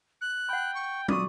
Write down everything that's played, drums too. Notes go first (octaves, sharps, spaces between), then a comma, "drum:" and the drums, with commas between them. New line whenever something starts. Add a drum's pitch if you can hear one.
F#6
F#5 G5 B5
C#6
F4 F#4 D5 C#6 D#6, drum: tom